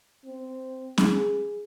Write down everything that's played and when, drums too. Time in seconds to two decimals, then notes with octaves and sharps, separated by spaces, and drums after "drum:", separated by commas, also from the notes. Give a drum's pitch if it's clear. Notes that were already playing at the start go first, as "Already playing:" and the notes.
0.25 C4
0.98 G#4, drum: snare